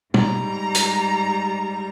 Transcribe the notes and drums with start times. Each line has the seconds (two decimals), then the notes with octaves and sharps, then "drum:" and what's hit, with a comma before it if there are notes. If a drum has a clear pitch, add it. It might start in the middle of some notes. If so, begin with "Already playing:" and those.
0.14 G#2 G3 A#5, drum: tom
0.75 drum: hi-hat